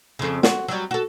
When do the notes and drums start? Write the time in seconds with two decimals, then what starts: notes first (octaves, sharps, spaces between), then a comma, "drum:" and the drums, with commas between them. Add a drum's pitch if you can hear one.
0.19 F2 C#3
0.43 F#4, drum: snare
0.68 F#3 G3
0.91 F#4 A4